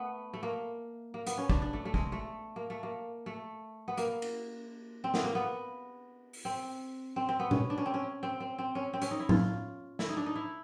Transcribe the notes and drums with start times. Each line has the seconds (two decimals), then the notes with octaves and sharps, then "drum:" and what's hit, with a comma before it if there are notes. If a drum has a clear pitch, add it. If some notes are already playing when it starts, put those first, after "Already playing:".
Already playing: A3 B3
0.33 A3
0.43 A#3
1.14 A#3
1.26 B3, drum: hi-hat
1.38 C#4
1.49 D4, drum: kick
1.62 D4
1.73 A3
1.85 A3
1.94 G#3, drum: kick
2.12 A3
2.56 A#3
2.70 A3
2.83 A#3
3.26 A3
3.88 B3
3.97 A#3, drum: hi-hat
4.22 drum: cymbal
5.04 C4
5.14 B3, drum: snare
5.24 A#3
5.35 B3
6.33 drum: open hi-hat
6.45 C4
7.16 C4
7.29 C4
7.40 B3
7.51 C#4, drum: tom A#2
7.70 D4
7.78 C#4
7.86 C4
7.94 C#4
8.23 C4
8.40 C4
8.58 C4
8.75 C#4
8.93 C4
9.02 C#4, drum: hi-hat
9.11 D#4
9.20 E4
9.29 F4, drum: tom
9.99 E4, drum: snare
10.09 D#4
10.17 D4
10.26 D#4
10.35 E4